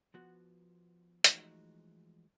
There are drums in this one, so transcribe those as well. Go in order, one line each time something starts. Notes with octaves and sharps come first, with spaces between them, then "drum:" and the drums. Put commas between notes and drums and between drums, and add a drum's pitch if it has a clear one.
F3 B3 F#4
E3 F3 G#3 A3 D#4 F#4, drum: hi-hat